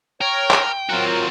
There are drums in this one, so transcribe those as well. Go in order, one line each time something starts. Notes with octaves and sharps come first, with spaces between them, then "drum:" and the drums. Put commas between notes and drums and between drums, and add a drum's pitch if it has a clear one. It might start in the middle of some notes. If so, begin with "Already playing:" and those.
A#4 C#5 G5
drum: clap
F#3 C4 F4 F#4 A#4